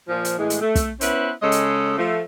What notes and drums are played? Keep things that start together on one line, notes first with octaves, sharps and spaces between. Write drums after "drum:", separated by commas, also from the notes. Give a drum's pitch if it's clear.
A#2 F3
drum: hi-hat
A2 E3 G#3
drum: hi-hat
A3
drum: kick, hi-hat
B3 C#4 E4 B4 C5, drum: hi-hat
C#3 G#3 A4 C#5 D#5
drum: hi-hat
F3 A3